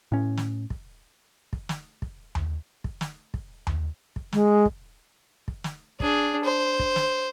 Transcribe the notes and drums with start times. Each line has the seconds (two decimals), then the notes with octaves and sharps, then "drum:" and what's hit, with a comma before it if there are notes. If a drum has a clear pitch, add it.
0.12 A2 C#4
0.37 drum: snare
0.70 drum: kick
1.53 drum: kick
1.69 drum: snare
2.02 drum: kick
2.35 drum: tom D#2
2.84 drum: kick
3.01 drum: snare
3.34 drum: kick
3.67 drum: tom D#2
4.16 drum: kick
4.33 G#3, drum: snare
4.65 drum: kick
5.48 drum: kick
5.64 drum: snare
6.00 D4 G#4, drum: kick
6.44 C5
6.79 drum: kick
6.96 drum: snare